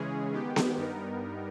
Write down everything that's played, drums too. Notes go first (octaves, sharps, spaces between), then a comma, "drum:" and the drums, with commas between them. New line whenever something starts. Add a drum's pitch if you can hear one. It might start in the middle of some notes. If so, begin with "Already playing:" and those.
Already playing: C#3 E3 G#3 C#4 G#4
D#3 G#3 B3 G4
drum: snare B3
G2 G3 B3 D#4 A#4